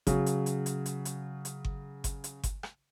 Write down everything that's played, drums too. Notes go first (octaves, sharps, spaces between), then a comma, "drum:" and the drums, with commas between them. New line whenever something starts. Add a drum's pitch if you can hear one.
C#3 F#3, drum: kick G1, hi-hat
drum: hi-hat
drum: hi-hat
drum: hi-hat
drum: hi-hat
drum: hi-hat
drum: hi-hat
drum: kick G1
drum: kick G1, hi-hat
drum: hi-hat
drum: kick G1, hi-hat
drum: rim click